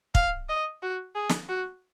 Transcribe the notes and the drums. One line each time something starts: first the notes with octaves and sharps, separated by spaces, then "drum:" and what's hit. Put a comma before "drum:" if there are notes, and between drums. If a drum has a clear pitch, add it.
F5, drum: kick
D#5
F#4
G#4
drum: snare
F#4